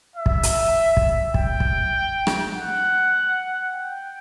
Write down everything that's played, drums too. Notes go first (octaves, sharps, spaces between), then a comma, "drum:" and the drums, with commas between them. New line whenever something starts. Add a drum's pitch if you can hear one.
E5
drum: kick
drum: hi-hat
drum: kick
G5, drum: kick
drum: kick
drum: rim click
F#5
G5